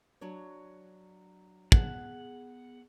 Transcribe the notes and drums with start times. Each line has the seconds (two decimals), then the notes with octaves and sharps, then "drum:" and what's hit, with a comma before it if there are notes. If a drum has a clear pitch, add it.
0.21 F#3 D4 C#5
1.72 B3 G#4 F#5 A5, drum: kick